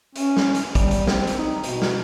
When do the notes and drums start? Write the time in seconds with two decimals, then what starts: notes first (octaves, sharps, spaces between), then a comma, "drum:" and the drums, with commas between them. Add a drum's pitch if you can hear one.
0.16 C#4, drum: hi-hat
0.37 drum: snare
0.55 drum: hi-hat
0.75 G3, drum: kick, hi-hat
0.91 drum: hi-hat
1.07 C4, drum: snare
1.27 drum: hi-hat
1.38 D#4
1.64 B2, drum: hi-hat
1.82 drum: snare